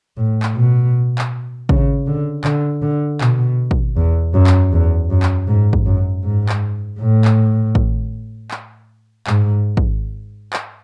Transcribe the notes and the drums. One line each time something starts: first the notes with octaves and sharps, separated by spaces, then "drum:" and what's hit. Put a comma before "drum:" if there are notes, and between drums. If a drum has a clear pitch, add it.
A2
drum: clap
B2
drum: clap
C#3, drum: kick
D3
D3, drum: clap
D3
B2, drum: clap
drum: kick
E2
F#2
drum: clap
E2
F#2
drum: clap
G#2
drum: kick
F#2
G#2
drum: clap
A2
drum: clap
drum: kick
drum: clap
G#2, drum: clap
drum: kick
drum: clap